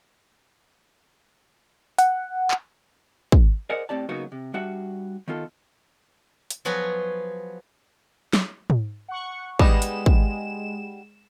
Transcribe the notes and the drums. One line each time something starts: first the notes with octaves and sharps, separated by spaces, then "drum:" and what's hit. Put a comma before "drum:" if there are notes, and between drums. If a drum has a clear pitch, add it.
F#5, drum: hi-hat
drum: clap
drum: kick
G#4 A#4 C5 D5 D#5 F#5
A2 C4 G4 D5 A5
C#3 F#3 A#3 B3 D#4 F#4
C3
G3 D4 F#4 E5 F#5
D#3 B3 F4 A4
drum: hi-hat
F3 F#3 B3 F#4 G#4 B4
drum: snare
drum: tom
F#5 C#6
G3 G#3 B3 D#4 E7, drum: kick
drum: hi-hat
drum: kick